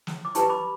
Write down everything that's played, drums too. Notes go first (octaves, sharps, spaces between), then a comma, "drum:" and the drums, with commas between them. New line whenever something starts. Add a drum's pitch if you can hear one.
drum: snare
D6
D4 G4 B4 A5 C#6, drum: hi-hat
B5 D6